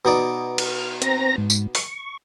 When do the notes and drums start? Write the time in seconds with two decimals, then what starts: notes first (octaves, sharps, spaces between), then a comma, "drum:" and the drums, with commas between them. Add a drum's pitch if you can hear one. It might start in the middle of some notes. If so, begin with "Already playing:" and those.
0.05 B2 D#4 D5
0.58 F6, drum: cymbal
1.02 C4 A#5 A#6, drum: hi-hat
1.38 G#2
1.50 drum: tambourine
1.75 C#6, drum: open hi-hat